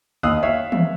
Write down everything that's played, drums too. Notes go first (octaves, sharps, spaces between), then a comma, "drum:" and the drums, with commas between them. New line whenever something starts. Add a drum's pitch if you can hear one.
D#2 D#4 F5 D#6 E6 F#6
C#5 E5 F5
drum: tom D#3